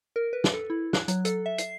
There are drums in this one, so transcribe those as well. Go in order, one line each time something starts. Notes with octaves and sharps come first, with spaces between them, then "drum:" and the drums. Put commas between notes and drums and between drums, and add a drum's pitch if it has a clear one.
A#4
B4
drum: snare
A4
E4
F#6, drum: snare
F#3, drum: hi-hat
A4, drum: hi-hat
E5
C7, drum: hi-hat